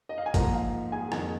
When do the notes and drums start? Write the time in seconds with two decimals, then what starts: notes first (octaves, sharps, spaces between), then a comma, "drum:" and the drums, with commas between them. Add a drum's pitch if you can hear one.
0.09 D#5
0.18 F5
0.26 G#5
0.34 G#2 F3 A#3 A#4 A#5, drum: kick G1, hi-hat
0.54 F5
0.92 G#4 G#5
1.12 F2 D#3 A#3 G#4 G#5, drum: rim click